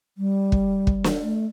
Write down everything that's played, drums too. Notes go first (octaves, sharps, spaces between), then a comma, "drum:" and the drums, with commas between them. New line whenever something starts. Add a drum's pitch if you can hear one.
G3
drum: kick
drum: kick
drum: snare
A3